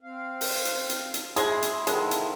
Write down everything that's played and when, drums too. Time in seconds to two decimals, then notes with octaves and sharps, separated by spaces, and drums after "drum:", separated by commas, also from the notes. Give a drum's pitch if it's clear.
0.01 C4 F5
0.41 drum: open hi-hat
0.65 drum: hi-hat
0.89 drum: hi-hat
1.14 drum: hi-hat
1.36 G#3 E4 G#4 C6, drum: hi-hat
1.62 drum: hi-hat
1.87 D3 D#3 F3 G#3, drum: hi-hat
2.11 drum: hi-hat